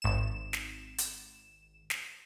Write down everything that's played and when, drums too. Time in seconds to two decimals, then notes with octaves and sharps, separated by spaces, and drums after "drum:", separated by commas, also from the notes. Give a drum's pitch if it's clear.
0.02 G#1 E7
0.53 drum: snare
0.98 drum: hi-hat
1.90 drum: snare